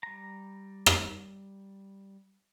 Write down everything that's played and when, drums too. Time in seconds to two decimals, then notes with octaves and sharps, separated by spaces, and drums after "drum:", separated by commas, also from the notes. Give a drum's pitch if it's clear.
0.03 G3 A#5
0.86 drum: rim click